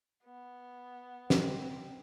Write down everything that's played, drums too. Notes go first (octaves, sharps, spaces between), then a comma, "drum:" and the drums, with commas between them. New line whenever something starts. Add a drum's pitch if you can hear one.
B3
C4, drum: snare